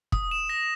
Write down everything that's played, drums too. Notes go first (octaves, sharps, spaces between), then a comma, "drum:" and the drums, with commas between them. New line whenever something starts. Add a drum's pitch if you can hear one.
D#6, drum: kick
E7
A#6